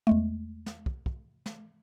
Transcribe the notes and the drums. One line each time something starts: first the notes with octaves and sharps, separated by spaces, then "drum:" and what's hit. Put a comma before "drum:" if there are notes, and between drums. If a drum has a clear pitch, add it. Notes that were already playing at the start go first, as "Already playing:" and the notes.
E2 G#3 A3
drum: snare
drum: kick
drum: kick
drum: snare